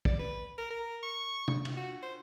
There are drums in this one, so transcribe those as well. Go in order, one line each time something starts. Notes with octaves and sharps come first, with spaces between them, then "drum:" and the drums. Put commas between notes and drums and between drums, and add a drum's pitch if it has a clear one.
D5, drum: kick
B4
A#4
A#4
C#6
drum: tom
drum: cymbal
F#4
C5